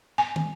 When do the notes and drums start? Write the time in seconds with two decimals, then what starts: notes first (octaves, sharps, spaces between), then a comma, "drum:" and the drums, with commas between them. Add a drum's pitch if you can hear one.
0.18 G#5
0.36 drum: tom